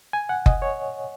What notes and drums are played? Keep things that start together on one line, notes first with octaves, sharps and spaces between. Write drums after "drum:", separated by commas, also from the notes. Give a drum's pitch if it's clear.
G#5
F#5
D#5, drum: kick F#1
C#5